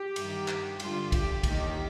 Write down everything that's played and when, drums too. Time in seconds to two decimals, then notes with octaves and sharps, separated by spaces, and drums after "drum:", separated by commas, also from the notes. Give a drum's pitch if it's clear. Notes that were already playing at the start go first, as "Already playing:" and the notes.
Already playing: G4
0.16 G2 D#3, drum: cymbal
0.48 drum: clap
0.80 G2 D3 F4, drum: cymbal
1.12 G4, drum: kick, cymbal
1.43 D#2 D#3 G4, drum: kick, cymbal